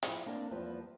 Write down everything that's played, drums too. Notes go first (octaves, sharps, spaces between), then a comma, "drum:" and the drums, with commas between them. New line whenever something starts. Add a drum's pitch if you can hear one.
F3 E4, drum: hi-hat
A#3 C4 D4 A#4 A5
E2 F3 G3 A#3 B3 G4